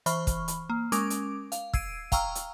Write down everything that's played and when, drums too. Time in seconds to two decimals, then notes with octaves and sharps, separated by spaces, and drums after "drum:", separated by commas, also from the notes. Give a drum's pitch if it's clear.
0.06 E3 C5 B5 C#6 F6, drum: hi-hat
0.27 drum: kick, hi-hat
0.48 drum: hi-hat
0.70 A#3
0.92 G#3 C#4 A#4 D6 D7, drum: hi-hat
1.10 drum: hi-hat
1.52 F5, drum: hi-hat
1.73 E6 G#6 C7 D7 D#7, drum: kick
2.12 F5 G5 A#5 C#6 E6 F6, drum: kick, hi-hat
2.35 drum: hi-hat